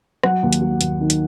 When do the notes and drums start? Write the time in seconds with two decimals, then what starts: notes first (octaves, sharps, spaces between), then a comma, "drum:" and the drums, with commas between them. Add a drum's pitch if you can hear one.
0.23 F#3 F#5, drum: rim click
0.43 D#2
0.53 drum: hi-hat
0.62 F#3
0.81 D#2, drum: hi-hat
1.00 D#3
1.10 drum: hi-hat